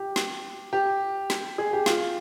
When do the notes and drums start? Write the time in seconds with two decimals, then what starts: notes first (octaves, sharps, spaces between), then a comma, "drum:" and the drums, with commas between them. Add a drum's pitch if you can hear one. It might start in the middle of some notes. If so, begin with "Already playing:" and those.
Already playing: G4
0.16 drum: snare
0.73 G4
1.30 drum: snare
1.58 G#4
1.73 G4
1.86 F4, drum: snare